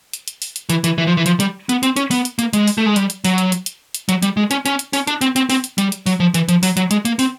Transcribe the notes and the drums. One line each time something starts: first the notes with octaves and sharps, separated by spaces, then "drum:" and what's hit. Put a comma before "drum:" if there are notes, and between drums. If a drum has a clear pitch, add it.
drum: hi-hat
drum: hi-hat
drum: open hi-hat
drum: hi-hat
E3, drum: hi-hat
E3, drum: hi-hat
E3
F3
E3
F3, drum: hi-hat
G3, drum: hi-hat
B3, drum: hi-hat
C4, drum: hi-hat
C#4, drum: hi-hat
B3, drum: open hi-hat
drum: hi-hat
A#3, drum: hi-hat
G#3, drum: hi-hat
drum: open hi-hat
A3
G#3
G3, drum: hi-hat
drum: hi-hat
F#3, drum: open hi-hat
drum: hi-hat
drum: hi-hat
drum: hi-hat
drum: hi-hat
F#3, drum: hi-hat
G3, drum: hi-hat
G#3
C#4, drum: hi-hat
C#4, drum: hi-hat
drum: hi-hat
C#4, drum: open hi-hat
D4, drum: hi-hat
C4, drum: hi-hat
C4, drum: hi-hat
C4, drum: open hi-hat
drum: hi-hat
G3, drum: hi-hat
drum: hi-hat
F#3, drum: open hi-hat
F3
E3, drum: hi-hat
F3, drum: hi-hat
F#3, drum: open hi-hat
F#3, drum: hi-hat
G#3, drum: hi-hat
A#3, drum: hi-hat
C4, drum: open hi-hat